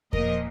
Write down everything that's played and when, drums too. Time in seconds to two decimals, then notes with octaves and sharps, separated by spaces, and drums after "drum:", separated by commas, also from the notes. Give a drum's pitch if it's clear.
0.13 A#2 F3 A#4 D#5, drum: kick E2